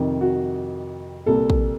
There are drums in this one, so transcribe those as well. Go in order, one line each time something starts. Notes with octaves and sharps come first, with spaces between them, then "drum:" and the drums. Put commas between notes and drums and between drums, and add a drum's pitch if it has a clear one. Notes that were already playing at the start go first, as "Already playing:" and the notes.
Already playing: F2 C3 D#3
F#4
C2 A#2 A4
drum: kick